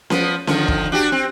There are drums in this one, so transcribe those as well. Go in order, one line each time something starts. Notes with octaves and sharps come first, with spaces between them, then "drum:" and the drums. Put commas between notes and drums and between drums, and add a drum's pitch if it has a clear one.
F3 B3, drum: snare C#4
D3 D#3 F3, drum: snare C#4
drum: kick
D4 F#4 G4
C4